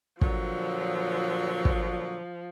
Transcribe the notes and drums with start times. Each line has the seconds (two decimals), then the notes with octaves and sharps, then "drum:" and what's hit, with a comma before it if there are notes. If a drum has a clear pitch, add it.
0.21 A#2 D3 F3 F#3, drum: kick
1.65 drum: kick